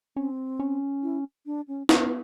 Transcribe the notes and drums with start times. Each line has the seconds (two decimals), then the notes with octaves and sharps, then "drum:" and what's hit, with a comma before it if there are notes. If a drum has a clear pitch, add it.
0.16 C4 C#4
0.60 C#4
1.03 E4
1.46 D4
1.68 C#4
1.89 B3, drum: snare